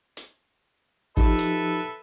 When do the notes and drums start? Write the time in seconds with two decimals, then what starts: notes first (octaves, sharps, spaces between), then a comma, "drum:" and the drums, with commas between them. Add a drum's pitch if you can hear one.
0.17 drum: hi-hat
1.17 F3 D#4 G4 A4 B4 E5, drum: kick
1.39 drum: hi-hat